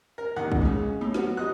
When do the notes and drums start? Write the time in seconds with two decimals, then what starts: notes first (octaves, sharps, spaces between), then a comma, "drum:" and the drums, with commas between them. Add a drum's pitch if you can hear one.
0.18 A#4
0.36 D#2 D#3 F#5
0.52 drum: kick
0.62 G#2 C#3
1.01 A2
1.14 F#3 B3 F#4, drum: snare
1.37 F#3 D#5 F#6